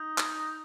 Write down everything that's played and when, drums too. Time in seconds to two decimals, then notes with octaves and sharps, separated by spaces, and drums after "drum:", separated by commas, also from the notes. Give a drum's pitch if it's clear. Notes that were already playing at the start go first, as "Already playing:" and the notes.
Already playing: D#4
0.18 drum: clap